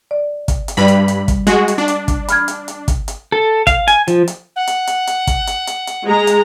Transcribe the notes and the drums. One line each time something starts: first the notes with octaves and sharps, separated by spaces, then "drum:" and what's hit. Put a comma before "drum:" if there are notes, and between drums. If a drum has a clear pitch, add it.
D5
drum: kick, hi-hat
drum: hi-hat
G2 G3 D5 B5
drum: hi-hat
drum: hi-hat
drum: kick, hi-hat
G#3 F#4, drum: hi-hat
drum: hi-hat
D4
drum: hi-hat
drum: kick, hi-hat
B5 F6 G#6, drum: hi-hat
drum: hi-hat
drum: hi-hat
drum: kick, hi-hat
drum: hi-hat
A4
F5, drum: kick, hi-hat
G#5, drum: hi-hat
F3, drum: hi-hat
drum: hi-hat
F#5
drum: hi-hat
drum: hi-hat
drum: hi-hat
drum: kick, hi-hat
drum: hi-hat
drum: hi-hat
drum: hi-hat
G#3 A#5
drum: hi-hat